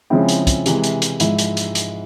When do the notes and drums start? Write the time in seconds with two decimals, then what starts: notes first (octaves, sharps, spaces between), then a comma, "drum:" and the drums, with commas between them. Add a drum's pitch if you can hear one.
0.10 C#3 F3 G#3 C4 E4
0.29 drum: hi-hat
0.47 drum: kick, hi-hat
0.66 C3 E3 G#3, drum: hi-hat
0.84 drum: hi-hat
1.02 drum: hi-hat
1.20 G#2 F3 G#3 E4, drum: hi-hat
1.39 drum: hi-hat
1.57 drum: hi-hat
1.75 drum: hi-hat